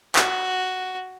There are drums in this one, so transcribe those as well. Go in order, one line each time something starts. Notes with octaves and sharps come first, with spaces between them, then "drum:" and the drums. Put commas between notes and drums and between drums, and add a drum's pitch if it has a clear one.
F#4, drum: clap